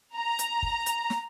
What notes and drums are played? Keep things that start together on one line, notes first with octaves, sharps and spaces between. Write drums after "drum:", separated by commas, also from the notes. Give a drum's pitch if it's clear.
A#5
drum: hi-hat
drum: kick
drum: hi-hat
drum: snare